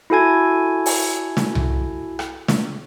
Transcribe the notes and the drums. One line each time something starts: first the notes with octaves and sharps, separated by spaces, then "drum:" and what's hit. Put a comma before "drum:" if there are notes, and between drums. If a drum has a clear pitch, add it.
E4 F#4 A4 G#5 G#6
drum: open hi-hat
drum: snare
drum: tom C2
drum: rim click
drum: snare